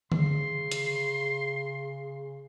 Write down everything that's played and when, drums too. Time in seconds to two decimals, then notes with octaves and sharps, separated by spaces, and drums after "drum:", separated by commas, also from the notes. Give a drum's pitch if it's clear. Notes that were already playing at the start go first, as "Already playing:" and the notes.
0.12 C#3 C6, drum: tom D3
0.72 drum: hi-hat